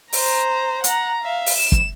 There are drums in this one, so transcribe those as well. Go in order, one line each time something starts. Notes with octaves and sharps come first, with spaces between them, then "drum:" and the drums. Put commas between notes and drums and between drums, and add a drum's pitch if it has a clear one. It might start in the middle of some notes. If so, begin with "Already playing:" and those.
C5 A#5, drum: open hi-hat
F#5 A#5, drum: hi-hat
E5 F5
drum: open hi-hat
E7
drum: kick